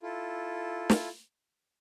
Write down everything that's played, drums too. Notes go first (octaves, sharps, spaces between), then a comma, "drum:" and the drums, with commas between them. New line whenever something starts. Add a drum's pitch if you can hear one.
E4 F4 A4
drum: snare